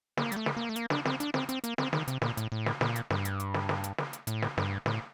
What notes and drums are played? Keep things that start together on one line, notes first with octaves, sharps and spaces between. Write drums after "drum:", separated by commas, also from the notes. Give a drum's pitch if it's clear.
A#3, drum: snare
G3, drum: hi-hat
A3
drum: snare
A#3
A3
A#3, drum: hi-hat
D4, drum: snare
C4, drum: snare
D4, drum: hi-hat
C4, drum: snare
C4, drum: hi-hat
A#3, drum: hi-hat
C4, drum: snare
D#3, drum: snare
C3, drum: hi-hat
A#2, drum: snare
A2, drum: hi-hat
A2
drum: snare
A#2, drum: snare
drum: hi-hat
G2, drum: snare
drum: hi-hat
drum: hi-hat
drum: snare
drum: snare
drum: hi-hat
drum: snare
drum: hi-hat
A2, drum: hi-hat
drum: snare
G2, drum: snare
A2, drum: snare